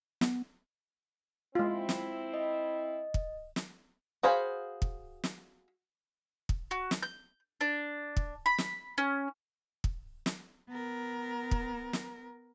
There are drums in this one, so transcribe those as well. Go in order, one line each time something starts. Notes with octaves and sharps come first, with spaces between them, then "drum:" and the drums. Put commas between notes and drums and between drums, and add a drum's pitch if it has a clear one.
B3, drum: snare
G#3 C4 E4 F4
drum: snare
D#5
drum: kick
drum: snare
F#4 G#4 C5 F5 B5
drum: kick
drum: snare
drum: kick
F#4
drum: snare
G6
D4
drum: kick
B5
drum: snare
C#4
drum: kick
drum: snare
B3 A#4
drum: kick
drum: snare